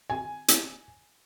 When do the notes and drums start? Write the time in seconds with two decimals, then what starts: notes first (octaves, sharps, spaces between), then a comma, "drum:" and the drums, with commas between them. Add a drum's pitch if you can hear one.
0.10 G#5
0.48 drum: hi-hat